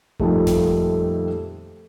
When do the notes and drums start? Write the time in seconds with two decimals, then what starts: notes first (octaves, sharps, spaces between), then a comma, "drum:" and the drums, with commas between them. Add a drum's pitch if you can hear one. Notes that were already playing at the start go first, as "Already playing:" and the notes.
0.20 F2 A#2 D#3 G3 A3 D#4, drum: kick G#1
0.47 drum: snare F#1